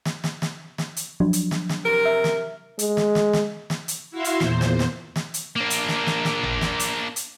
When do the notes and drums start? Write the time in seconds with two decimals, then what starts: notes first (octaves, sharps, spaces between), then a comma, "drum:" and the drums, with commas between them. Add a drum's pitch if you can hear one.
0.05 drum: snare
0.24 drum: snare
0.42 drum: snare
0.78 drum: snare
0.97 drum: hi-hat
1.20 F3 F#3 D4
1.33 drum: hi-hat
1.51 drum: snare
1.69 drum: snare
1.84 C3 A#4
2.05 E5
2.24 drum: snare
2.79 G#3, drum: hi-hat
2.97 drum: snare
3.15 drum: snare
3.33 drum: snare
3.70 drum: snare
3.88 drum: hi-hat
4.11 E4 F#4 E5 F5 C6
4.24 drum: hi-hat
4.40 E2 A#2 C5, drum: snare
4.61 drum: snare
4.79 drum: snare
5.16 drum: snare
5.34 drum: hi-hat
5.56 A#3 D4
5.70 drum: hi-hat
5.88 drum: snare
6.07 drum: snare
6.25 drum: snare
6.43 drum: tom G#1
6.61 drum: snare
6.80 drum: hi-hat
7.16 drum: hi-hat